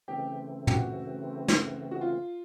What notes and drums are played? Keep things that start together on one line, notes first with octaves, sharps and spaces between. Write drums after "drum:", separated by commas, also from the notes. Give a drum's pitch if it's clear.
C#3 E3 A3 C4 G4
G4, drum: tom
F#4
drum: snare
F#4
F4